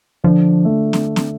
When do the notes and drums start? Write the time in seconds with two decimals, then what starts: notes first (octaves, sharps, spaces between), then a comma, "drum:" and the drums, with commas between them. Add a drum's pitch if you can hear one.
0.24 D3 F3 D4
0.65 A3
0.93 drum: snare
1.16 drum: snare